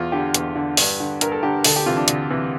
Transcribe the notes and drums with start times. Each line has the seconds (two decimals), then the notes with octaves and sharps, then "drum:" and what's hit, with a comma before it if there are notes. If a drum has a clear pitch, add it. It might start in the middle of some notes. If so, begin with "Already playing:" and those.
Already playing: E2 F4
0.12 D3 G4
0.34 E2, drum: hi-hat
0.56 D3
0.77 G2, drum: open hi-hat
1.00 D3
1.21 G2 A#4, drum: hi-hat
1.32 A4
1.43 D3 G4
1.64 D2 A4, drum: open hi-hat
1.76 G4
1.86 C3 E3 F4
1.97 D4
2.08 D2, drum: hi-hat
2.30 C3 E3